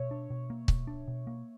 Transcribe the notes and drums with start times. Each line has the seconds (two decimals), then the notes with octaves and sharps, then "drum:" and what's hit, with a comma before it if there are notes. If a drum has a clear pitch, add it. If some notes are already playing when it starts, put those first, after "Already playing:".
Already playing: B2 C#5 E5
0.11 D4
0.30 B2
0.50 A#3
0.68 B2, drum: kick C#1
0.87 D4
1.08 B2
1.27 A#3